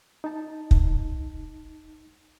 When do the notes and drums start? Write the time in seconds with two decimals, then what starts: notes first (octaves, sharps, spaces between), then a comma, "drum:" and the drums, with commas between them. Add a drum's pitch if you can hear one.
0.24 D#4 A5
0.71 drum: kick